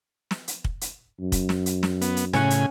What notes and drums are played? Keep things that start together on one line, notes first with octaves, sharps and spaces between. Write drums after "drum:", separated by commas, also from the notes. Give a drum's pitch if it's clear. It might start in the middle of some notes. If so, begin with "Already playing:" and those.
drum: snare
drum: hi-hat
drum: kick
drum: hi-hat
F#2
drum: kick, hi-hat
drum: snare
drum: hi-hat
drum: snare
B3, drum: hi-hat
drum: hi-hat
A2 C#3 C#4 F#5 G#5, drum: snare
drum: hi-hat